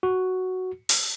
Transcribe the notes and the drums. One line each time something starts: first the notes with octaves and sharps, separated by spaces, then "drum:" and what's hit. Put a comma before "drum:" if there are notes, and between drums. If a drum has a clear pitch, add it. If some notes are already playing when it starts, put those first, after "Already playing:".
F#4
drum: open hi-hat